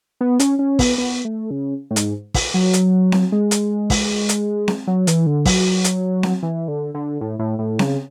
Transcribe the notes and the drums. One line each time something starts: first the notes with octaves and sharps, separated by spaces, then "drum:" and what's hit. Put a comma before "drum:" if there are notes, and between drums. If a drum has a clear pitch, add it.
B3
C#4, drum: hi-hat
C#4
B3, drum: kick, open hi-hat
B3
A3
C#3
A2
G#2, drum: hi-hat
drum: kick, open hi-hat
F#3
drum: hi-hat
drum: snare C4
G#3
drum: hi-hat
drum: kick, open hi-hat
drum: hi-hat
drum: snare C4
F#3
E3, drum: hi-hat
D3
F#3, drum: kick, open hi-hat
drum: hi-hat
drum: snare C4
E3
D3
D3
A2
A2
A2
C#3, drum: snare C4